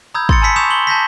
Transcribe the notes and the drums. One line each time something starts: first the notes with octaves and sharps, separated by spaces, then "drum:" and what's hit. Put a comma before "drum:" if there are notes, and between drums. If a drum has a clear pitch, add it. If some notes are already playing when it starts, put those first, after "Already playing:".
A#5 B5 D#6 E6 G6 G#6
C6 A6 C#7, drum: kick
G#5 A5 B5 E6 B6 C#7
C#6 D#6 G6 E7 F7
C6 F#7 G7
A5 G6 A#6 B6